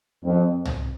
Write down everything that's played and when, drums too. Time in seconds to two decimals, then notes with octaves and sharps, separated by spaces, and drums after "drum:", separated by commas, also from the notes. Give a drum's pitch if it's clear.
0.25 F2
0.65 drum: tom